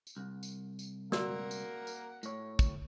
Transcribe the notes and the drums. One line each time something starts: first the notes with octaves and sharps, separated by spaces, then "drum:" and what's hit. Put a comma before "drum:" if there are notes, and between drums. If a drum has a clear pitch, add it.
drum: tambourine
C2
drum: tambourine
drum: tambourine
A#3 F#4 A#4 D5 F#5 E6, drum: snare
drum: tambourine
drum: tambourine
A2 C#5, drum: tambourine
drum: kick, tambourine